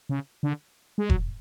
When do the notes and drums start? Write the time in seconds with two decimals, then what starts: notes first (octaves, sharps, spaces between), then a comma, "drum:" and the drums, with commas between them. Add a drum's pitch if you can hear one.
0.09 C#3
0.43 D3
0.98 G#3
1.10 F#3, drum: kick E1